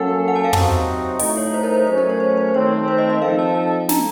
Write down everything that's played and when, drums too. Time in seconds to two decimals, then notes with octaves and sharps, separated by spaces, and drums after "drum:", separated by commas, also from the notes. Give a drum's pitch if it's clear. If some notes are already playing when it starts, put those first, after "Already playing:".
Already playing: F#3 A#3 C#4 A4 F#5
0.28 F#5
0.36 A5
0.44 F5
0.53 C3 F#3 C4 D#4 F#4, drum: tom
1.19 A2 A3 D#4 D#5, drum: open hi-hat
1.37 C#5
1.54 C5
1.63 A#4
1.74 C5
1.87 F#3 A3 C#4 C5
1.98 A#4
2.10 C#5
2.20 C5
2.37 C5
2.54 D#3 A3 C4 C#5
2.88 C5
2.98 D#5
3.10 D#5
3.22 F3 C4 D#4 A4 F5
3.39 A5
3.55 A5
3.89 A#5, drum: snare